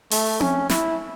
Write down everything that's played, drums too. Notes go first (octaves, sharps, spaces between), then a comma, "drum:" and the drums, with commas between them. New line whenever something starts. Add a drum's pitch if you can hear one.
A3, drum: open hi-hat
C#4, drum: tom C4
E4, drum: snare